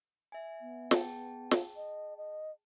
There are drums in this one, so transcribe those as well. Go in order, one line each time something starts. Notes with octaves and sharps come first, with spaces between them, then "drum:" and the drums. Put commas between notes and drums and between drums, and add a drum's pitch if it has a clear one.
E5 G#5
B3
G#4 G5 A5, drum: snare
drum: snare
D#5
D#5